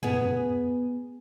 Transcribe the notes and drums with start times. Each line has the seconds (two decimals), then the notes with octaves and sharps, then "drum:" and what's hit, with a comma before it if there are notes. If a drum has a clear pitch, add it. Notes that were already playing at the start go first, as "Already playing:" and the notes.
0.03 B3 G#4, drum: tom
0.22 drum: tom